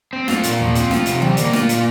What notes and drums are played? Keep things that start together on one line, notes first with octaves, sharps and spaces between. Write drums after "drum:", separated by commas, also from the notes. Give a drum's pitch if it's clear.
C4
F4, drum: snare
A#2, drum: hi-hat
F3, drum: tom D#2
C4, drum: hi-hat
F4, drum: snare
C3, drum: hi-hat
G3, drum: tom D3
A#3, drum: hi-hat
F4, drum: snare
A#2, drum: hi-hat